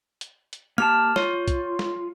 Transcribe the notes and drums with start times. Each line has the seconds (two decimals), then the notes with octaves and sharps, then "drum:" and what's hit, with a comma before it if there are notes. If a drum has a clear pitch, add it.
0.21 drum: hi-hat
0.53 drum: hi-hat
0.78 A#3 G4 A5 F6
1.16 F4 C#5, drum: snare
1.48 drum: kick B1, hi-hat
1.79 drum: snare